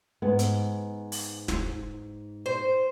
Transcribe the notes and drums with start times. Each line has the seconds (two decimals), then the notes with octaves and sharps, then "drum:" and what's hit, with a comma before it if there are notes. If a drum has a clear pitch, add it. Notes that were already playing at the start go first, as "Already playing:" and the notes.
0.22 G#2 B3
0.39 drum: hi-hat
1.12 drum: open hi-hat
1.48 drum: snare
2.46 C5